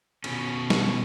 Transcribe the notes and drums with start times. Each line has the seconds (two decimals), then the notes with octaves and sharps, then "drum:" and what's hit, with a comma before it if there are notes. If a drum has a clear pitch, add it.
0.24 B2 C#4, drum: cymbal
0.70 drum: snare